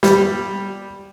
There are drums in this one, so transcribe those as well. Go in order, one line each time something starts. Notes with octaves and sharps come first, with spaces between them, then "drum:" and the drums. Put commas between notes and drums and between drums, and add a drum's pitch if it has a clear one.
G3, drum: snare